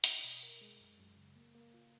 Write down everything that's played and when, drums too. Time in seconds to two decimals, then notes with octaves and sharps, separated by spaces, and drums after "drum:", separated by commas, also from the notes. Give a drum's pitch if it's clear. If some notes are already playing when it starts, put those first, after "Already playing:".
0.04 drum: hi-hat
0.24 B2
0.43 A#4
0.61 G#3
0.80 F#2
0.99 F#2
1.17 C#3
1.36 A#3
1.55 A#3
1.74 F4